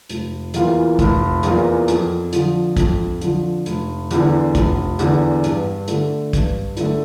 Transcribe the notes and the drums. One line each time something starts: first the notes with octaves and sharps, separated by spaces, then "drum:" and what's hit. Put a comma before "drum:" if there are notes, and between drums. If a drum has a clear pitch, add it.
F1, drum: hi-hat
E2 E3 A#3 F4, drum: hi-hat
F1, drum: kick, hi-hat
E2 E3 A#3 F4, drum: hi-hat
F2, drum: hi-hat
D3 F3, drum: hi-hat
F2, drum: kick, hi-hat
D3 F3, drum: hi-hat
F1, drum: hi-hat
E2 D3, drum: hi-hat
F1, drum: kick, hi-hat
E2 D3, drum: hi-hat
G2, drum: hi-hat
D3 A3, drum: hi-hat
G2, drum: kick, hi-hat
D3 A3, drum: hi-hat